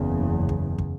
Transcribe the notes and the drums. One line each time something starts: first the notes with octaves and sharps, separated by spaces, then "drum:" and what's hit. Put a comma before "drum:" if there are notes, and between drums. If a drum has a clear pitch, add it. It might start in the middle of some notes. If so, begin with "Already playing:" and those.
Already playing: F#1 E2 C#3
drum: kick
drum: kick